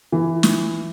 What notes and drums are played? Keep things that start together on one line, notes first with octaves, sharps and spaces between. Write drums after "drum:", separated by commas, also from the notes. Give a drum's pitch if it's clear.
E3
drum: snare